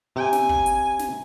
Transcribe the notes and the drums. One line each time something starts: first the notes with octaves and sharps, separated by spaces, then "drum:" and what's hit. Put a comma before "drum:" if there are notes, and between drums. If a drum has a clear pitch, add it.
C3 G#5
drum: snare
drum: kick
drum: hi-hat
drum: snare